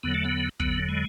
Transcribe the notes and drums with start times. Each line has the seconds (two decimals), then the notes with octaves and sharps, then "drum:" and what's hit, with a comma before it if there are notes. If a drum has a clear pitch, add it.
0.03 E2 D3 F#3 B3
0.14 A3
0.25 B3
0.60 E2 D3 F#3 B3, drum: kick
0.89 G#3